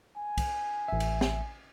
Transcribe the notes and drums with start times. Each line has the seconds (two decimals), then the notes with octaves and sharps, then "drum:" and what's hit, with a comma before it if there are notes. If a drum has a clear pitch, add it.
0.17 G#5
0.38 drum: kick, cymbal
0.88 A1 E5
1.00 drum: cymbal
1.21 drum: snare